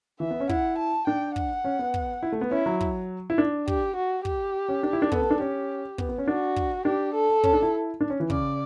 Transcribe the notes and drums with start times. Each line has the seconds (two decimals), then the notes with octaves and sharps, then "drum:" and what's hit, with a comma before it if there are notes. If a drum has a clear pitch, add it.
0.20 E3 E5
0.31 B3
0.40 C#4
0.49 E4 F#5, drum: kick
0.78 A5
1.07 D4 G5
1.36 F#5, drum: kick
1.64 C#4
1.79 B3
1.94 drum: kick
2.23 E4
2.32 A3
2.41 B3
2.51 C#4 E4
2.66 F#3
2.81 drum: kick
3.30 E4
3.38 D4
3.68 G4, drum: kick
3.96 F#4
4.25 G4, drum: kick
4.69 C#4
4.83 D4
4.93 E4
5.02 D4
5.12 B3 A4, drum: kick
5.22 B3
5.30 D4
5.40 C#4 G4
5.98 B3, drum: kick
6.09 B3
6.18 C#4
6.27 D4 F#4
6.56 drum: kick
6.85 D4 G4
7.14 A4
7.44 C#4, drum: kick
7.53 D4
7.62 E4
8.01 D4
8.10 C#4
8.20 E3
8.30 C#3 D5, drum: kick